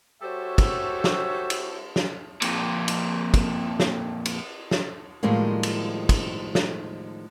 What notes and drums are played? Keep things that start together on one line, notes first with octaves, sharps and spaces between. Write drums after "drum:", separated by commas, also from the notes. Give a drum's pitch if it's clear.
G3 F#4 A4 C5 C#5 E5
drum: kick, cymbal
drum: snare
drum: cymbal
drum: snare
F2 A#2, drum: cymbal
drum: cymbal
drum: kick, cymbal
drum: snare
drum: cymbal
drum: snare
A2 D#3 F3 G3 G#3 A#3
drum: cymbal
drum: kick, cymbal
drum: snare